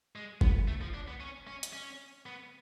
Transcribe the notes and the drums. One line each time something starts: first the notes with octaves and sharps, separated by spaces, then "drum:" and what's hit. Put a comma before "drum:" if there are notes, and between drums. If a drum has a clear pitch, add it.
G#3
B3, drum: kick
A3
F3
D4
B3
C#4
C#4
drum: hi-hat
C#4
B3